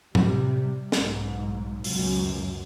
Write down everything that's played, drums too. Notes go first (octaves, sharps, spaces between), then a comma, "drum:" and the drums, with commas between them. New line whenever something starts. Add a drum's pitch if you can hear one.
C3 G3, drum: tom A2
B1 G#2, drum: snare
C#2 F#2 B2, drum: open hi-hat